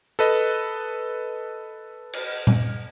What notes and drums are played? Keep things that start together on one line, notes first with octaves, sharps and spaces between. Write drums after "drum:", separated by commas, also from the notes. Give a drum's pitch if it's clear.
A4 B4 D#5
drum: cymbal
drum: tom A#2